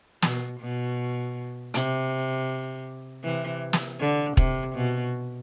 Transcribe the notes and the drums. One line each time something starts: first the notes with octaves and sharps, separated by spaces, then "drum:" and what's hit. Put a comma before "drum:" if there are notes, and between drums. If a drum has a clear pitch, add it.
B2, drum: snare
B2
C3, drum: hi-hat
C3 E3
drum: snare
D3
C3, drum: kick
B2